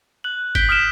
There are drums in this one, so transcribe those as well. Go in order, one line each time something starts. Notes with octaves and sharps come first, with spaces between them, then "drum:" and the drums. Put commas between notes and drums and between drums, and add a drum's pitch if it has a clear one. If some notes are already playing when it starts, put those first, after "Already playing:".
F#6 F#7
G6 B6 D7 G7, drum: kick G1, hi-hat
D#6 F6 B6 D7 E7 G7